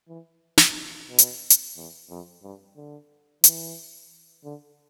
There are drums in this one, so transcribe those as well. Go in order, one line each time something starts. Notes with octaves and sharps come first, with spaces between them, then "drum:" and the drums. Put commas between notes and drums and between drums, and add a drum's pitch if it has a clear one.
E3
drum: snare
B2
drum: hi-hat
drum: hi-hat
E2
F2
G2
D3
E3, drum: hi-hat
D3